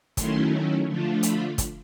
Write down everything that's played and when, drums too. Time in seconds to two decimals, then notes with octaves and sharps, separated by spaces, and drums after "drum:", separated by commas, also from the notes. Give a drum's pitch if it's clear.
0.17 D#3 F#3 A3 C#4 E4 C6, drum: kick, hi-hat
0.87 D3 F3 A3 D4 F4
1.23 B5, drum: hi-hat
1.58 drum: kick, hi-hat